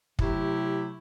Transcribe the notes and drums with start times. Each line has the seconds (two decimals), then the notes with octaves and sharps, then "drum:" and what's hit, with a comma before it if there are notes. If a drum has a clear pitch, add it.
0.19 C3 F#3 A3 E4 G4, drum: kick